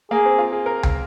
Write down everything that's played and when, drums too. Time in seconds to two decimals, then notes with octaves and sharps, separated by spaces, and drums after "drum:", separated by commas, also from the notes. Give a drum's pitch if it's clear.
0.11 A#3 G#4
0.25 C4
0.38 F4
0.52 G#4
0.66 A#4
0.83 drum: tom C#2